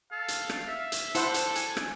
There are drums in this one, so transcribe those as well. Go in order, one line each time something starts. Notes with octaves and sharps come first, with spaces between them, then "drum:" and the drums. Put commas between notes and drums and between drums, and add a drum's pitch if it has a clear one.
A4 F5
drum: hi-hat
drum: rim click
E5
drum: hi-hat
D4 E4 A4 C5 F#5, drum: hi-hat
drum: hi-hat
G#5, drum: hi-hat
drum: rim click